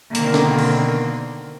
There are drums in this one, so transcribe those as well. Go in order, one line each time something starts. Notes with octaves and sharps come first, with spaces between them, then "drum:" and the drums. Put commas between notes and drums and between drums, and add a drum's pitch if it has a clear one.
B2 D3 D#3 A#3 C4, drum: hi-hat
drum: snare
drum: cymbal